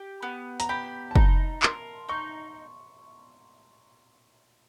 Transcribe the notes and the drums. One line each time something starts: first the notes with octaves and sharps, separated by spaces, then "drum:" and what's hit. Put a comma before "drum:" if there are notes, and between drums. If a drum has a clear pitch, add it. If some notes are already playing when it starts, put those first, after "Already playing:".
Already playing: G4
B3
A#5, drum: hi-hat
G4 B5
A5
D#4 A#5, drum: kick
A#4 C6, drum: clap
D#4 C#6